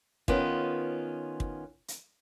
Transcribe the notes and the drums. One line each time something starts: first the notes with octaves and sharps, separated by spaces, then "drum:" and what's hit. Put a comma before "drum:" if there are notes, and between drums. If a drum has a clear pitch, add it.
D#3 B3 C#4 F4, drum: kick
drum: kick
drum: hi-hat